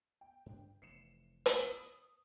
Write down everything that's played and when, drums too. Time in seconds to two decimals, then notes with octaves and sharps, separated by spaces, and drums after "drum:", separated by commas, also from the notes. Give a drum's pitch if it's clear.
0.21 G5
0.46 G2 D4
0.82 F1 E3 C7 C#7 E7
1.46 drum: hi-hat
1.70 D#6